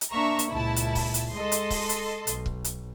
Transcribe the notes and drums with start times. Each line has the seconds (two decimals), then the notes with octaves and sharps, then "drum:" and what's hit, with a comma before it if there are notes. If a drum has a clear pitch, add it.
0.01 drum: hi-hat
0.12 A#3 D4 E5 A#5 C#6
0.39 drum: hi-hat
0.51 C#2 A#2 E4 A5
0.76 drum: hi-hat
0.95 drum: kick, open hi-hat
1.14 drum: hi-hat
1.34 G#3 A4 D#5 C6
1.52 drum: hi-hat
1.70 drum: kick, open hi-hat
1.89 drum: hi-hat
2.27 B1, drum: hi-hat
2.46 drum: kick
2.64 drum: hi-hat